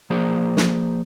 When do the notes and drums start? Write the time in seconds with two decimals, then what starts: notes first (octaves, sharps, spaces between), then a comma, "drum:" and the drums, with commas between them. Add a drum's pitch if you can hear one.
0.10 F3 A#3 G#4 C5 D5
0.57 drum: snare